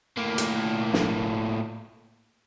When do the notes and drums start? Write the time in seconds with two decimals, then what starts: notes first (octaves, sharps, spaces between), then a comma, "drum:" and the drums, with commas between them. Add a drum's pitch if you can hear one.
0.17 A2 A#3
0.38 drum: hi-hat
0.94 drum: snare